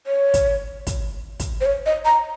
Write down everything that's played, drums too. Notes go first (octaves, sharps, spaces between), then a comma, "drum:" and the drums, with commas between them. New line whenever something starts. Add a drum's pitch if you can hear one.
C#5
drum: kick, hi-hat
drum: kick, hi-hat
drum: kick, hi-hat
C5
C#5
D#5
A#5